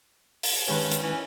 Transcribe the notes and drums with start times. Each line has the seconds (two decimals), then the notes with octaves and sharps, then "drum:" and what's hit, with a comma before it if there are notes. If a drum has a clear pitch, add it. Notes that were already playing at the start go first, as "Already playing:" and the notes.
0.43 drum: open hi-hat
0.67 G2 D#3 G#3 C#4 B4
0.92 drum: hi-hat
1.03 E3 C#4